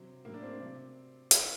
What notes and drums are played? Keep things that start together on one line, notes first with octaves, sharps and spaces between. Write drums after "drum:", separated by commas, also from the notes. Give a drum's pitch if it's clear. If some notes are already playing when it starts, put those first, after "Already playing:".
Already playing: C3 F#3 C4
A2 F#3 A#3
D4
C4
C3 F#3
drum: hi-hat